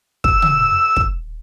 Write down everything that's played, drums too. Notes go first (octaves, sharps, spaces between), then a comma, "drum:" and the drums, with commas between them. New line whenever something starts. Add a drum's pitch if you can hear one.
E6, drum: kick
drum: tom
drum: kick